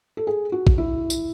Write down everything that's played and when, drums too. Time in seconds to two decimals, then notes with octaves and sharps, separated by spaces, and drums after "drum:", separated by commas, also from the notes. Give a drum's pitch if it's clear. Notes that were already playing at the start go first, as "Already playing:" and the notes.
0.17 A4
0.27 G#4
0.52 F#4
0.67 drum: kick
0.78 E4
1.10 drum: tambourine